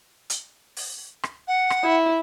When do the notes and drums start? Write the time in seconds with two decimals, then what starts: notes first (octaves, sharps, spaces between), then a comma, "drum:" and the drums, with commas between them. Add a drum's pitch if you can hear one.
0.30 drum: hi-hat
0.77 drum: open hi-hat
1.23 drum: rim click
1.47 F#5
1.70 drum: rim click
1.83 E4